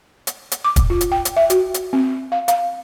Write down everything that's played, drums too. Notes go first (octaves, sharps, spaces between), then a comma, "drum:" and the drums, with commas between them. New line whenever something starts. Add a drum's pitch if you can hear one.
drum: hi-hat
drum: hi-hat
D6
drum: kick, hi-hat
F4
drum: hi-hat
G5
drum: hi-hat
E5
F#4, drum: hi-hat
drum: hi-hat
C4
F5
F5, drum: hi-hat